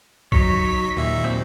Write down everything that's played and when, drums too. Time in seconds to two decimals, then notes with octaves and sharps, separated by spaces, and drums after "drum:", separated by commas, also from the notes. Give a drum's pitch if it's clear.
0.32 F#3 D#4 C#5 B6, drum: kick B1
0.96 D#2 A#2 E5
1.25 A#2 F#3 C4